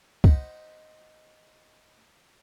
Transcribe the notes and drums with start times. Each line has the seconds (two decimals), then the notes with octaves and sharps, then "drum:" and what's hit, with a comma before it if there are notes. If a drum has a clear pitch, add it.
0.24 D#4 C5 F#5 B5, drum: kick